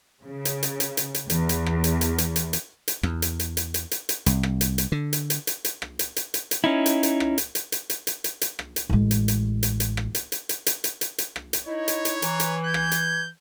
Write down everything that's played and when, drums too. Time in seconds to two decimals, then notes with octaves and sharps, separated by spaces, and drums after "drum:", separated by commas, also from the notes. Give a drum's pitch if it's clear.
0.23 C#3
0.45 drum: hi-hat
0.63 drum: hi-hat
0.80 drum: hi-hat
0.97 drum: hi-hat
1.14 drum: hi-hat
1.30 E2, drum: hi-hat
1.49 drum: hi-hat
1.66 drum: rim click
1.84 drum: hi-hat
2.01 drum: hi-hat
2.18 drum: hi-hat
2.36 drum: hi-hat
2.53 drum: hi-hat
2.88 drum: hi-hat
3.03 E2, drum: rim click
3.22 drum: hi-hat
3.40 drum: hi-hat
3.57 drum: hi-hat
3.74 drum: hi-hat
3.91 drum: hi-hat
4.09 drum: hi-hat
4.26 C2, drum: hi-hat
4.43 drum: rim click
4.61 drum: hi-hat
4.78 drum: hi-hat
4.92 D3
5.13 drum: hi-hat
5.30 drum: hi-hat
5.47 drum: hi-hat
5.65 drum: hi-hat
5.82 drum: rim click
5.99 drum: hi-hat
6.16 drum: hi-hat
6.34 drum: hi-hat
6.51 drum: hi-hat
6.64 C#4 D#4 E4
6.86 drum: hi-hat
7.03 drum: hi-hat
7.20 drum: rim click
7.38 drum: hi-hat
7.55 drum: hi-hat
7.72 drum: hi-hat
7.90 drum: hi-hat
8.07 drum: hi-hat
8.24 drum: hi-hat
8.41 drum: hi-hat
8.59 drum: rim click
8.76 drum: hi-hat
8.90 A1 G#3
9.11 drum: hi-hat
9.28 drum: hi-hat
9.63 drum: hi-hat
9.80 drum: hi-hat
9.97 drum: rim click
10.15 drum: hi-hat
10.32 drum: hi-hat
10.49 drum: hi-hat
10.66 drum: hi-hat
10.84 drum: hi-hat
11.01 drum: hi-hat
11.18 drum: hi-hat
11.36 drum: rim click
11.53 drum: hi-hat
11.66 D#4 E4 C#5 D#5
11.88 drum: hi-hat
12.05 drum: hi-hat
12.22 E3 A#5, drum: hi-hat
12.40 drum: hi-hat
12.65 G6 G#6
12.74 drum: rim click
12.91 drum: hi-hat